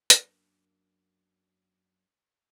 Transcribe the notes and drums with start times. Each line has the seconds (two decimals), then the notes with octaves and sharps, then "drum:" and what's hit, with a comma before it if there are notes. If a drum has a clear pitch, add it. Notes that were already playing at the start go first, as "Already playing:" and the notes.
0.10 F#2 F#3 A#3 D4, drum: hi-hat